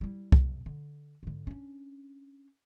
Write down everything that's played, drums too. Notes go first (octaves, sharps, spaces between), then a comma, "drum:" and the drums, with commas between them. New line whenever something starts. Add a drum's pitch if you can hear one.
G3 E4
F2 C3, drum: kick C2
D3
G#2 D3
C#4 D4